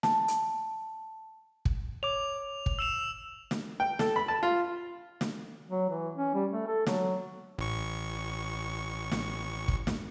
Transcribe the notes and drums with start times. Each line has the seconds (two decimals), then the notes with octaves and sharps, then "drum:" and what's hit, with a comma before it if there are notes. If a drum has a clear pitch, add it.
0.03 A5, drum: snare
0.28 drum: hi-hat
1.65 drum: kick
2.03 C#5 D6 F7
2.66 drum: kick
2.79 E6 E7 F7
3.51 drum: snare
3.80 G5
3.99 A4, drum: snare
4.16 B5
4.28 A5
4.43 F4
5.21 drum: snare
5.69 F#3
5.89 E3
6.15 C#4
6.34 G3
6.52 A3
6.67 A4
6.87 F#3, drum: snare
7.58 A1 C#6
9.11 drum: snare
9.68 drum: kick
9.87 drum: snare